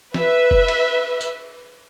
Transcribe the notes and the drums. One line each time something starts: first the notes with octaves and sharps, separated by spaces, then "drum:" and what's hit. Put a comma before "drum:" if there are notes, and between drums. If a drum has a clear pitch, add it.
B4 E5, drum: snare
drum: kick F1
drum: cymbal
drum: tambourine